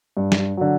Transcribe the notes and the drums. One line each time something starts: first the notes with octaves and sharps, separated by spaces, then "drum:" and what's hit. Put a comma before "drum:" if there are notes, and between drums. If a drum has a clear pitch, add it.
G2
drum: snare
D3 F#3